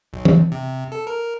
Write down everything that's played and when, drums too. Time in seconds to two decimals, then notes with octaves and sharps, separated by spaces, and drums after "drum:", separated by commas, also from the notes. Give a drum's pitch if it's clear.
0.13 B1
0.25 drum: tom E3
0.52 C3
0.92 A4
1.07 A#4